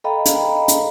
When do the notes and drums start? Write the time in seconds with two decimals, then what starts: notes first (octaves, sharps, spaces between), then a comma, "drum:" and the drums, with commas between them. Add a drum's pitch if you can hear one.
0.04 A4 D#5 F5 G5 A#5 B5
0.26 drum: hi-hat
0.68 drum: hi-hat